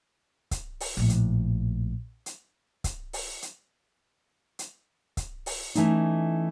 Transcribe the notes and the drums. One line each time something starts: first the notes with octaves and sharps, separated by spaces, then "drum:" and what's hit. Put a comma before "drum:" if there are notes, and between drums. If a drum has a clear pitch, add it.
drum: kick C#1, hi-hat
drum: open hi-hat
A#1 A2
drum: hi-hat
drum: hi-hat
drum: kick C#1, hi-hat
drum: open hi-hat
drum: hi-hat
drum: hi-hat
drum: kick C#1, hi-hat
drum: open hi-hat
E3 A3 C#4 D#4, drum: hi-hat